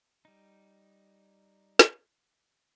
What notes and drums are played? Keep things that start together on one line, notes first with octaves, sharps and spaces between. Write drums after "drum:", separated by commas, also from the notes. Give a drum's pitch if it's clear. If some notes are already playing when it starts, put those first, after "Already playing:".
G3 D#4
drum: snare